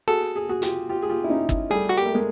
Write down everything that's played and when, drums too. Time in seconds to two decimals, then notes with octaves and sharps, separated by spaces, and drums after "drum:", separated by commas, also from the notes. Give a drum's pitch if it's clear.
0.08 F#4 G#4 A4
0.36 G#4
0.49 F#4 G#4
0.62 F4 G4, drum: hi-hat
0.89 F4 G4
1.02 G#4
1.09 F4 G4
1.24 E4
1.29 C#4 D#4
1.49 drum: kick
1.70 G3 A3 G#4
1.89 F#4
1.97 A#3 G4
2.06 A3
2.15 G#3 A#3